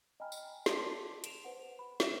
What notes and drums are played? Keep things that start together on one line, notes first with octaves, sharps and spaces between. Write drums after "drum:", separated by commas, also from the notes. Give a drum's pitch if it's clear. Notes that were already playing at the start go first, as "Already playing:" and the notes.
D#5 G5 G#5 A#5 B5 F6
drum: tambourine
D5 A5 C6 D6 B6, drum: snare
D7 E7 F7, drum: hi-hat
B4 C5 F#5
B5
E5 E7, drum: snare